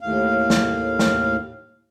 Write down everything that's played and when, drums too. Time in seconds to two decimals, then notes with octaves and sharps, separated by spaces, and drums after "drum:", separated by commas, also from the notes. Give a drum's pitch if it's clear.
0.01 D#2 A2 F5
0.50 drum: snare
0.99 drum: snare